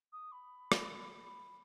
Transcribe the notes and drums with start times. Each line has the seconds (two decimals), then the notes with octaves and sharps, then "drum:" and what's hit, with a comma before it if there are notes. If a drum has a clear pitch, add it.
0.12 D#6
0.32 B5
0.72 drum: rim click